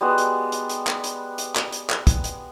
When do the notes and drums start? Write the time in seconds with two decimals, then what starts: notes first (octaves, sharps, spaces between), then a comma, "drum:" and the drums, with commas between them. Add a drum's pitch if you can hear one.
0.01 G3 G#3 B3 F#4
0.18 drum: hi-hat
0.52 drum: hi-hat
0.69 drum: hi-hat
0.87 drum: clap
1.04 drum: hi-hat
1.38 drum: hi-hat
1.55 drum: clap
1.72 drum: hi-hat
1.90 drum: clap
2.07 drum: kick, hi-hat
2.24 drum: hi-hat